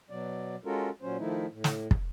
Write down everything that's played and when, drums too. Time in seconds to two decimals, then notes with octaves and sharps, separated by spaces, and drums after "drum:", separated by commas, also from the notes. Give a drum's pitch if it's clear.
0.10 B2 F#3 D5
0.65 G#3 C#4 F4 F#4 A4 A#4
1.02 A#2 F#3 C#4 C5
1.18 D#3 F3 A3 D#4 E4
1.51 A2
1.64 drum: snare
1.91 drum: kick